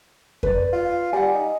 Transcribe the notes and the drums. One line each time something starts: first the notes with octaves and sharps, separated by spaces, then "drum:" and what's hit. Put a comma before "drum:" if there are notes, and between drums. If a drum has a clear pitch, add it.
B4 D5, drum: kick F2
F4
G3 F#5 G#5
D#4